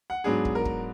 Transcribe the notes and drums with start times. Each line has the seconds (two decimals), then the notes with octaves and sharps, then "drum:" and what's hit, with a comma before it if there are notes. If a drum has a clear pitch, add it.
0.10 F#5
0.24 G#2 F#3 B3 D4 G#4
0.45 drum: kick
0.55 A#4
0.65 drum: kick